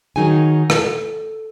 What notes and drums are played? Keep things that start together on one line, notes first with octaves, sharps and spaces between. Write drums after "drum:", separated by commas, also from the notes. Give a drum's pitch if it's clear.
D#3 F#3 D#4 G#4 G#5
A4, drum: rim click